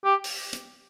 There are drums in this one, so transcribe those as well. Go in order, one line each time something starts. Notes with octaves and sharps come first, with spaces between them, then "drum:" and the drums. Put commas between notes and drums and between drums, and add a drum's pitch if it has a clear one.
G4
drum: open hi-hat
drum: hi-hat